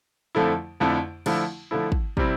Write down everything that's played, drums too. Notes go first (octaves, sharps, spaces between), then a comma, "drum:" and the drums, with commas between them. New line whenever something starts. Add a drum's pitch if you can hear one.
F2 D3 F3 A3 E4
F2 D3 F3 A3 E4
D3 F3 A3 E4, drum: cymbal
D3 F3 A3 E4
drum: kick
C3 G3 C4 E4, drum: kick